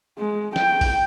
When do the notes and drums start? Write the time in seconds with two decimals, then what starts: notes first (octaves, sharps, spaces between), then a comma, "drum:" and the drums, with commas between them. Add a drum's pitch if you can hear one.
0.19 G#3
0.56 G5, drum: snare
0.81 drum: kick A1, open hi-hat